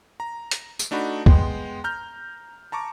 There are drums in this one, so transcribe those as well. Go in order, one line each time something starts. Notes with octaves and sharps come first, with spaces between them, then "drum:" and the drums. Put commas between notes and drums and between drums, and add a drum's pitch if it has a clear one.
A#5
drum: hi-hat
drum: tambourine
A3 D4 D#4 F#4 B5
G#3 B3 G5 C6, drum: kick
A#5 F6 G6
A5 A#5 C#6 D6